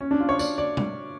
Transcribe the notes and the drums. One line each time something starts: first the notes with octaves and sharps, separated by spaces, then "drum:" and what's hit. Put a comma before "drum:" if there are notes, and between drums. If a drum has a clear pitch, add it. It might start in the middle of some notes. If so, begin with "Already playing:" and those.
C#4
D4
F4
C#5
D5, drum: tambourine
D5
drum: tom B2